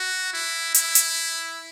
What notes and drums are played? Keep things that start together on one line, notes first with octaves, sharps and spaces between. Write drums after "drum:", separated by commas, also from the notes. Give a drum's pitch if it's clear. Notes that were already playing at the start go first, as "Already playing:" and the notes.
Already playing: F#4
E4
E4, drum: hi-hat
drum: hi-hat